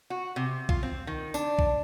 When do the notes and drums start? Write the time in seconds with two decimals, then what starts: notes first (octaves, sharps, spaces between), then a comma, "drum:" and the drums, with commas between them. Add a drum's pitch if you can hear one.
0.10 F#4
0.36 C3
0.69 F4, drum: kick B1
0.83 C4
1.07 D#3
1.34 D4, drum: tambourine
1.59 drum: kick B1